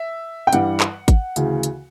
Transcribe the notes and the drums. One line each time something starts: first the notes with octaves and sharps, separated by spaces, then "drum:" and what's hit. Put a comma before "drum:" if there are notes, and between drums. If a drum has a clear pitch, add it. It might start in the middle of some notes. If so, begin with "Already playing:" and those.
Already playing: E5
G5
G2 E3 G3 F#5, drum: hi-hat
drum: clap
drum: kick G#1, hi-hat
D2 C#3 E3, drum: hi-hat
drum: hi-hat